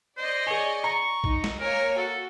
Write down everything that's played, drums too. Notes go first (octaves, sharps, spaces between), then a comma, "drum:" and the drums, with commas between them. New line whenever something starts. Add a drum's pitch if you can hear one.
C5 D5 D#5
G#4 C#5 G#5
A#5 C#6
D#4, drum: kick A#1
drum: snare
A#3 A#4 C#5 G#5
F#4 A4